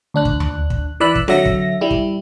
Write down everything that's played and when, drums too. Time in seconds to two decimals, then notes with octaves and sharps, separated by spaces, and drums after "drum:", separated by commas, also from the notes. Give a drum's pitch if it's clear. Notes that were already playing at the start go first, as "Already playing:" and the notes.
0.14 D2 D4 F#6
0.25 drum: kick
0.40 drum: tom D#2
0.70 drum: kick
1.00 E3 D5 B5 E6 F#6
1.15 drum: kick
1.28 D3 F#3 E5 A#6, drum: snare C4
1.45 drum: kick
1.81 G3 E4
1.91 drum: kick